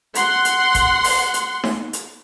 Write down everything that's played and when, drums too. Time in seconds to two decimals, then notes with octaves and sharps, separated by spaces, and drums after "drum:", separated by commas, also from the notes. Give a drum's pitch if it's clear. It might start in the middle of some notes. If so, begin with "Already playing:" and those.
0.15 F#5 C6, drum: hi-hat
0.45 drum: hi-hat
0.75 drum: kick G1, hi-hat
1.04 drum: open hi-hat
1.34 drum: hi-hat
1.64 drum: snare D#4
1.93 drum: hi-hat